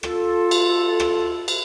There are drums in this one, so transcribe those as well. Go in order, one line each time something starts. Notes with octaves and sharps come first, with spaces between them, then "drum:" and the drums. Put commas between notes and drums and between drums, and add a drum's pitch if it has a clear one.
F4 A4, drum: rim click
drum: cymbal
drum: rim click
drum: cymbal